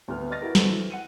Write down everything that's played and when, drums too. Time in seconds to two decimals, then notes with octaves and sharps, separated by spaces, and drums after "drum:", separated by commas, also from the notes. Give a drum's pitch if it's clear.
0.08 D2 G3 B3 F6
0.30 D5 D#5 F6 A6 A#6
0.41 E4 F#4 G4 A#4 B4
0.55 D4 F#4 A4 C5, drum: snare
0.68 E3
0.90 F#5 C#7 D#7